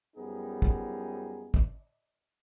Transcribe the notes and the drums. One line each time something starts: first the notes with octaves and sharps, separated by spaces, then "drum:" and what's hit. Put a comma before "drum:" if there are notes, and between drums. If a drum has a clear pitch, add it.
F#2 F3 G3 B3 D#4 G#4
drum: kick
drum: kick